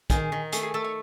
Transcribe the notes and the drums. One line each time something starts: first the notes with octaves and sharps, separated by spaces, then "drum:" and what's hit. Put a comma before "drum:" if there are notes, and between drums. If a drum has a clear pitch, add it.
D#3 G#4, drum: kick, hi-hat
D#3
A3 G#4, drum: hi-hat
G#4
A3 A4
C#5